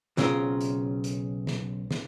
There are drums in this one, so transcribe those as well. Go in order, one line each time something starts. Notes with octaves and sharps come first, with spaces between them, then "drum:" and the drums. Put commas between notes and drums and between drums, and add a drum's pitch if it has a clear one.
B1 C#3 C4 F4 A#4, drum: snare
drum: hi-hat
drum: hi-hat
drum: snare
drum: snare